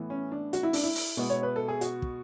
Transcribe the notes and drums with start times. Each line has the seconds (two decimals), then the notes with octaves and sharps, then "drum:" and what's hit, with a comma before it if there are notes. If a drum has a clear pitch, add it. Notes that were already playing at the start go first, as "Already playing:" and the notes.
Already playing: A2 E3 B3
0.10 C#4
0.32 D4
0.53 F#4, drum: hi-hat
0.63 E4
0.73 D4, drum: open hi-hat
0.83 E4
0.95 drum: open hi-hat
1.17 B2 G#3 B3
1.30 C#5
1.43 B4
1.56 A4
1.68 G#4
1.81 F#4, drum: hi-hat
2.02 drum: kick